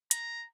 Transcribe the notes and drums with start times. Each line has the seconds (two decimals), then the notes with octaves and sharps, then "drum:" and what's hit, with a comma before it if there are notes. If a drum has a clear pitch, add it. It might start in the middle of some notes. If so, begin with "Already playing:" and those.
0.11 A#5, drum: hi-hat